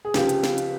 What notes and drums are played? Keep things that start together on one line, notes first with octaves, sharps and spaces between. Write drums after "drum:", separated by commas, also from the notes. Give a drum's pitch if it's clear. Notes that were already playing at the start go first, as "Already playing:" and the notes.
G#4
C#2 C#3 F3 G4, drum: snare
drum: hi-hat
drum: snare
drum: hi-hat